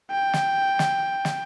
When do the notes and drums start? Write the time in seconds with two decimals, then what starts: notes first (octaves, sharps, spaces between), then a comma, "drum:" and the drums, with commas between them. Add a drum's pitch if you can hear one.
0.11 G5
0.33 drum: snare
0.79 drum: snare
1.25 drum: snare